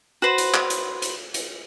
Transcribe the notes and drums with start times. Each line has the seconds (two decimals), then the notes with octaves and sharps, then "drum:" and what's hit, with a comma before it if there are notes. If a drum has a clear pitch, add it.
0.22 F#4 B4 C5
0.38 drum: hi-hat
0.54 drum: clap
0.70 drum: hi-hat
1.02 drum: hi-hat
1.34 drum: hi-hat